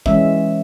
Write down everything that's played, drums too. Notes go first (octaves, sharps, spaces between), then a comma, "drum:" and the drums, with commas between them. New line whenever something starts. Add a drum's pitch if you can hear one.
E3 G#3 C#4 E5, drum: kick